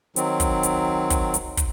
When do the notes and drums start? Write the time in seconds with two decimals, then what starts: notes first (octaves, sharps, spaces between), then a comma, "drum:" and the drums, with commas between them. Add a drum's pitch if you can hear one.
0.16 D#3 F#3 C4, drum: hi-hat
0.40 drum: kick, hi-hat
0.63 drum: hi-hat
1.10 drum: kick, hi-hat
1.34 drum: hi-hat
1.57 drum: kick, hi-hat